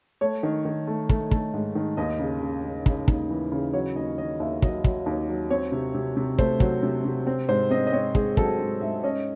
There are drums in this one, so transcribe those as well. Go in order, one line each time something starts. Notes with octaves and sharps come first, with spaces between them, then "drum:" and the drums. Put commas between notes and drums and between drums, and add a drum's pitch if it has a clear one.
A3 C#5
D#3
D#3
A3
A3, drum: kick
A3, drum: kick
G#2
D#3
D#2 D#5
C#3
C#3
C#3
C#3, drum: kick
D#2, drum: kick
E3
C#3
F#3 C#5
D#2 D#5
D#3 D#5
D#2 E5
F#3 D#5, drum: kick
F#3, drum: kick
D#2
F#3
C4 C#5
C3
C3
C3
A3 C5, drum: kick
F#3, drum: kick
C3
C3
C4
G#2 C5
C4 D#5
D#5
C4 C#5
G#2 G#4, drum: kick
F#3 A4, drum: kick
G#2
G#2 E5
C#4 D#5